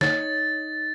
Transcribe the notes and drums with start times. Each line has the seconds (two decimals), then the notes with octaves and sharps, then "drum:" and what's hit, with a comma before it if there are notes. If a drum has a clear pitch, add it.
0.01 D#4 C#5 A6, drum: snare